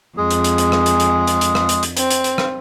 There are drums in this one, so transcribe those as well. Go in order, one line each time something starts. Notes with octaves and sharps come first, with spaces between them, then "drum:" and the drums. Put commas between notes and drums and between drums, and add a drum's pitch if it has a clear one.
F2 G#3 G#4
drum: hi-hat
drum: hi-hat
drum: hi-hat
drum: rim click
drum: hi-hat
drum: hi-hat
drum: hi-hat
drum: hi-hat
drum: rim click
drum: hi-hat
drum: hi-hat
C4, drum: hi-hat
drum: hi-hat
drum: hi-hat
drum: rim click